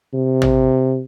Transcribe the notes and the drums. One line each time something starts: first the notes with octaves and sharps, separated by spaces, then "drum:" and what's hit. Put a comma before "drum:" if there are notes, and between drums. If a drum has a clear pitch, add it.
C3
drum: tom